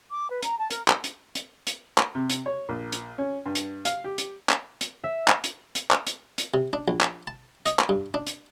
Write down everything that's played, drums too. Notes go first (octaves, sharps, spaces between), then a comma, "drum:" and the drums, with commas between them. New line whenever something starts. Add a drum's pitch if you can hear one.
D6
B4
A#5, drum: hi-hat
A5
A#4, drum: hi-hat
drum: clap
drum: hi-hat
drum: hi-hat
drum: hi-hat
drum: clap
C3
drum: hi-hat
C#5
A#1
drum: hi-hat
C#4
G2
drum: hi-hat
F5, drum: hi-hat
G4
drum: hi-hat
drum: clap
drum: hi-hat
E5
drum: clap
drum: hi-hat
drum: hi-hat
drum: clap
drum: hi-hat
drum: hi-hat
C3
D4
A#1
drum: clap
A5
D#5, drum: hi-hat
drum: clap
G2
D4
drum: hi-hat